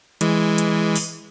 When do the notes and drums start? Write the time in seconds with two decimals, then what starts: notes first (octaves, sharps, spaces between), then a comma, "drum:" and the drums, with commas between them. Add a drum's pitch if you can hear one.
0.21 E3 G#3, drum: hi-hat
0.58 drum: hi-hat
0.95 drum: open hi-hat